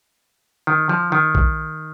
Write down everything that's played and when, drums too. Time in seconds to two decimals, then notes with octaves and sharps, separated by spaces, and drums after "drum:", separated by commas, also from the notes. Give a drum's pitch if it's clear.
0.67 D#3
0.89 F3
1.12 D#3
1.35 drum: kick A#1